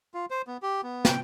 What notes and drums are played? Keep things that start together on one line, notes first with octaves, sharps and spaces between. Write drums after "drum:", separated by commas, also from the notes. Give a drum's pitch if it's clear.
F4
C5
B3
G4
B3
G5, drum: snare